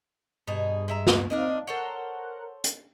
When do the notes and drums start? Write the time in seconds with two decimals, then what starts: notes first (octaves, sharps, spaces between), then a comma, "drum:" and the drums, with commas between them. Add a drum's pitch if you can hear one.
0.47 G2 B2 D#4 G#4
0.88 G#3 E5 A#5
1.07 drum: snare
1.30 C4 D4 D#4 A#4 D#5 F5
1.67 A4 A#4 C5 C#5 F#5
2.64 drum: hi-hat